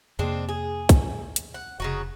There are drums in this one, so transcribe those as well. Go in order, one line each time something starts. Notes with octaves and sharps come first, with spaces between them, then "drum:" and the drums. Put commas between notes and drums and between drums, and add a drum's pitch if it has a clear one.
F2 C3 G#3 A#3 C4 D4
G#4
drum: kick, hi-hat
drum: hi-hat
F#5
F1 C#3 D#4 F#4